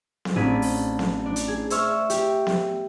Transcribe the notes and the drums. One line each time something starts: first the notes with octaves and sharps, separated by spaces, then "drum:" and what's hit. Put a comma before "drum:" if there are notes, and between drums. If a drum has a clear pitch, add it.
drum: snare B3
A1 C4 D4 G#4 B5 D#7
drum: open hi-hat
drum: snare B3
D4
drum: hi-hat
G#4
G#4 C5 E5 C#6 E6 F6, drum: hi-hat
G4, drum: hi-hat
drum: snare B3